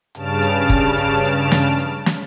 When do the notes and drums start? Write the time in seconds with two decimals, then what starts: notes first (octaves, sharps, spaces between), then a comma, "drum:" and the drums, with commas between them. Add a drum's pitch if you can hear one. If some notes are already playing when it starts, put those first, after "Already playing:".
0.15 G2 C#3 A5 F6 D7, drum: hi-hat
0.42 drum: hi-hat
0.69 drum: kick, hi-hat
0.97 drum: hi-hat
1.24 drum: hi-hat
1.52 drum: snare
1.79 drum: hi-hat
2.06 drum: snare